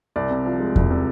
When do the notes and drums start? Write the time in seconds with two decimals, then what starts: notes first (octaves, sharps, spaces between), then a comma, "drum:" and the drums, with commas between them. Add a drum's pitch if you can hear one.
0.16 C2 D5
0.30 C3
0.46 F3
0.60 G#3
0.76 C2, drum: kick E2
0.90 C3